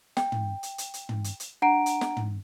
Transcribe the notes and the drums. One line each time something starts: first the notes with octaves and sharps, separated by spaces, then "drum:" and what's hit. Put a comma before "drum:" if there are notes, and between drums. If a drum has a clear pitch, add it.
G5, drum: snare
drum: tom
drum: hi-hat
drum: hi-hat
drum: hi-hat
drum: tom
drum: hi-hat
drum: hi-hat
D4 F#5 A#5 D7
drum: hi-hat
drum: snare
drum: tom